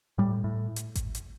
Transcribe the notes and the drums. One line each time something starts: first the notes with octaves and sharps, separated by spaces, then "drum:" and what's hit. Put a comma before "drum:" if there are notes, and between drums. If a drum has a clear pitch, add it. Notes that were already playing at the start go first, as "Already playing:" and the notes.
A2 G3
A2
drum: hi-hat
drum: kick G#1, hi-hat
drum: hi-hat